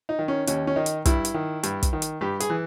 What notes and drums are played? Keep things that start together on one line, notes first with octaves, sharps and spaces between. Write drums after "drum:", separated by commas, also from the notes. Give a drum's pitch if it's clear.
D#4
D#3
C#4
D#2 C#4, drum: hi-hat
C#4
D#3 D#4
drum: hi-hat
G2 E4, drum: kick, hi-hat
drum: hi-hat
D#3
G2, drum: hi-hat
drum: kick, hi-hat
D#3
drum: hi-hat
G2 G4
G#4, drum: hi-hat
E3